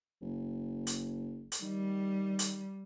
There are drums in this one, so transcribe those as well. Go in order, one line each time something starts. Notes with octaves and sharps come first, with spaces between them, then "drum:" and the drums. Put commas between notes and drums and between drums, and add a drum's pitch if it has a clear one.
F#1
drum: hi-hat
drum: hi-hat
D#3 G3
drum: hi-hat